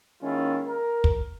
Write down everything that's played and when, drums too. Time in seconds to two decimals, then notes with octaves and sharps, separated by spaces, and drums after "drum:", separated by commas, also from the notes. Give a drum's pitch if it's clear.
0.22 D#3 G#3 A#3 C#4 E4 F4
0.66 A#4
1.04 drum: kick